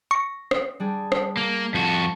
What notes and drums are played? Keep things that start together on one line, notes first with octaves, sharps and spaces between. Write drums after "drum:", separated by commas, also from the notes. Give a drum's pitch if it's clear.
C#6 A#6
drum: rim click
G3 D4 G#4
drum: rim click
A#3
F2 F#4 A5 A6